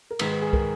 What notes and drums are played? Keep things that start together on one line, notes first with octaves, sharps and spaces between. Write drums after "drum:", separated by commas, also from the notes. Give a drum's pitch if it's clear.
A#4
G#2 D#3 G#3 B4, drum: cymbal
B4
G#4
A#4, drum: kick